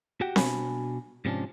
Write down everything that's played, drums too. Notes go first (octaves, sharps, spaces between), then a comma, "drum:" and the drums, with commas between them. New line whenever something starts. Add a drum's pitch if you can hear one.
F#4 G4 F#5 G5
B2 D4 F#4 G#5 B5, drum: snare C4
G#2 C3 F3 G#3 C#4 D4